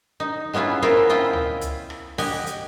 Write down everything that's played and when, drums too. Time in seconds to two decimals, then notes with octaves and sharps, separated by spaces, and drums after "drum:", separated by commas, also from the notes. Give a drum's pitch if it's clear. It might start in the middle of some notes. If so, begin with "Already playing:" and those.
0.20 D#4
0.53 G#3 B3 C#4 E4 F4
0.82 B3 C#4 E4 F4 A#4 C5
1.09 E4 F4 D#5 G5
1.33 drum: tom C#2
1.61 drum: hi-hat
1.90 drum: rim click
2.18 G4 D#5 F#5 G#5, drum: open hi-hat
2.47 drum: hi-hat